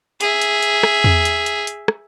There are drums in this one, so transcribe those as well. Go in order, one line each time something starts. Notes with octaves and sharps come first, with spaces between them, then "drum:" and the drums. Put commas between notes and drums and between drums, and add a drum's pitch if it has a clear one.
G#4 E5, drum: hi-hat
drum: hi-hat
drum: hi-hat
drum: rim click
drum: tom E2
drum: hi-hat
drum: hi-hat
drum: hi-hat
drum: rim click